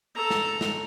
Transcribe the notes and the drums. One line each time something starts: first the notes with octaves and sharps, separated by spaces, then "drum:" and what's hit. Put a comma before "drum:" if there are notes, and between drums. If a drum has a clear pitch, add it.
A4 A#5
drum: snare
drum: snare